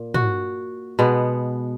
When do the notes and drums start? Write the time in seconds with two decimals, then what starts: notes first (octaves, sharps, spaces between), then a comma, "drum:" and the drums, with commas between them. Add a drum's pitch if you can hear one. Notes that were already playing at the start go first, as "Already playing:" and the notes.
Already playing: A#2
0.14 F#4, drum: tom
0.99 B2 G#3 B3